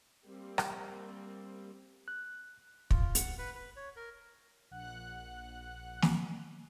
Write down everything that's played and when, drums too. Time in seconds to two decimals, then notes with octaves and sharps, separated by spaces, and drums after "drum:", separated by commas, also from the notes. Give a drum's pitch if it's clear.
0.25 G3 A#3 C4
0.58 drum: rim click
2.08 F#6
2.91 F4, drum: kick
3.15 F#5, drum: hi-hat
3.39 B4
3.55 B4
3.76 C#5
3.96 A#4
4.71 A#1 F#5 F#6
6.02 drum: snare